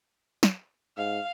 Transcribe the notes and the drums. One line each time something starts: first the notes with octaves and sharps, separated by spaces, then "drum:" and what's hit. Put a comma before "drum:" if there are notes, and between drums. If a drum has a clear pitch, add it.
drum: snare
G#2 F5